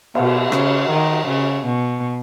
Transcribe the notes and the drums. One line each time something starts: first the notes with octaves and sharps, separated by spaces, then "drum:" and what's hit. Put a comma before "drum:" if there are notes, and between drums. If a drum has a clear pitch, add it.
B2, drum: cymbal
C#3, drum: rim click
D#3
C#3
B2